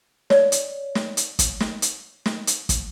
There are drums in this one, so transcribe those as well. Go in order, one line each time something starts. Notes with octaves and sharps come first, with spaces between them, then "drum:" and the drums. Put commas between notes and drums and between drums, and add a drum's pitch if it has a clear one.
C#5 D5, drum: snare
drum: hi-hat
drum: snare
drum: hi-hat
drum: kick, hi-hat
drum: snare
drum: hi-hat
drum: snare
drum: hi-hat
drum: kick, hi-hat